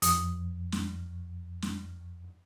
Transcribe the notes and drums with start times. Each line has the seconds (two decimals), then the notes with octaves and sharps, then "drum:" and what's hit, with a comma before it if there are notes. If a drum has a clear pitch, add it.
0.02 F2 D#6, drum: hi-hat
0.72 drum: snare
1.62 drum: snare